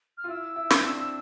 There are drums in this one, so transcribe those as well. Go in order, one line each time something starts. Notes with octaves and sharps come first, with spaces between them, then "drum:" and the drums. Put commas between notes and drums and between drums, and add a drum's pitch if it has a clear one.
F6
F4
E4 E6
E4
drum: snare
C4
D4